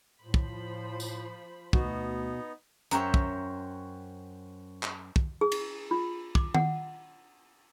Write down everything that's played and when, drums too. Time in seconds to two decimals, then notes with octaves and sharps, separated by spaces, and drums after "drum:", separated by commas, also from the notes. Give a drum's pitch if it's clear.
0.22 A2 F3 C5 B5
0.34 drum: kick
1.00 drum: tambourine
1.73 D2 B2 B3 D#4 F#4, drum: kick
2.91 F#2 C5 C#5 E5 G5 A#5, drum: hi-hat
3.14 drum: kick
4.83 drum: clap
5.16 drum: kick
5.41 G#4
5.52 drum: cymbal
5.91 F4
6.35 D6, drum: kick
6.55 F#5, drum: tom D#3